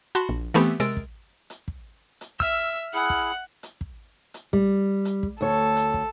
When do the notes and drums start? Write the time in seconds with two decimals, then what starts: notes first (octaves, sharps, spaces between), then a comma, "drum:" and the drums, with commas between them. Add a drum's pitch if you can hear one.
0.15 F#4 A5 B5 C6
0.29 A#1
0.54 E3 A3 B3 C4 G4
0.80 C3 G#3 A#4 E6 A6 D7, drum: hi-hat
0.97 drum: kick
1.50 drum: hi-hat
1.68 drum: kick
2.21 drum: hi-hat
2.40 E5 E6 F6, drum: kick
2.94 E4 G#4 F#5
3.10 drum: kick
3.63 drum: hi-hat
3.81 drum: kick
4.34 drum: hi-hat
4.53 G3, drum: kick
5.05 drum: hi-hat
5.23 drum: kick
5.41 D2 A4 C#5
5.76 drum: hi-hat
5.94 drum: kick